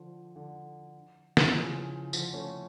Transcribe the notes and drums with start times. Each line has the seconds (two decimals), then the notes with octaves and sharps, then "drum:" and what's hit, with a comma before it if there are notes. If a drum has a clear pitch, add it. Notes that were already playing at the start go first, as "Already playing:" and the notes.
Already playing: D3 F3
0.36 D3
1.37 drum: snare
1.48 F3
1.55 C#3 E3
2.13 D3 F3, drum: tambourine
2.33 A3 C#4